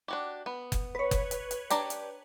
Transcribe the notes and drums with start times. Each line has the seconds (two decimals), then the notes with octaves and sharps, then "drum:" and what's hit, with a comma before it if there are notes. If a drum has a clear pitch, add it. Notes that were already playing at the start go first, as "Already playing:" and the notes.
0.08 D4 F#4 G4
0.46 B3
0.72 drum: kick F#1, hi-hat
0.95 B4 C#5
1.11 drum: kick F#1, hi-hat
1.31 drum: hi-hat
1.51 drum: hi-hat
1.70 D4 G4 A#5, drum: hi-hat
1.90 drum: hi-hat